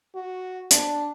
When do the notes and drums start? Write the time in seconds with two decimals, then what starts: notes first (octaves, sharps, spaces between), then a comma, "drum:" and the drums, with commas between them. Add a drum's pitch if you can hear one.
0.15 F#4
0.71 D4, drum: hi-hat